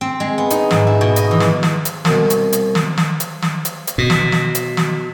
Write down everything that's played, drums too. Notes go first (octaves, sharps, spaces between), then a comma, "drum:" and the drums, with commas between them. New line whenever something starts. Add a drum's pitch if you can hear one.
C4
G#3
B3
D#4, drum: hi-hat
G#2, drum: snare
E4
B2
D#5, drum: hi-hat
E3
drum: snare
drum: snare
drum: hi-hat
C2 B2, drum: snare
drum: hi-hat
drum: hi-hat
drum: snare
drum: snare
drum: hi-hat
drum: snare
drum: hi-hat
drum: hi-hat
B2
drum: snare
drum: snare
drum: hi-hat
drum: snare